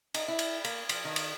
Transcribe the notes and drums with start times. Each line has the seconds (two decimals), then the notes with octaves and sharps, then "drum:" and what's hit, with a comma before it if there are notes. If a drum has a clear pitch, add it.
0.14 D#4, drum: cymbal
0.28 E4
0.39 drum: cymbal
0.64 A#3, drum: cymbal
0.89 F3, drum: cymbal
1.05 D#3
1.16 drum: cymbal